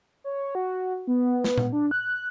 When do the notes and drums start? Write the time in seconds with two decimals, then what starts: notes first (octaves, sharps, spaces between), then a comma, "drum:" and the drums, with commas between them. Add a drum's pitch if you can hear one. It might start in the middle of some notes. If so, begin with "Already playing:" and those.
0.24 C#5
0.55 F#4
1.07 B3
1.44 drum: snare
1.58 drum: tom A#2
1.72 D4
1.91 F#6